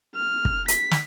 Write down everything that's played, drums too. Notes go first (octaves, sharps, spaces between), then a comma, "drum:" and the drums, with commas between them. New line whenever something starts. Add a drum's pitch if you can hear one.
F6
drum: kick
B6, drum: hi-hat
drum: snare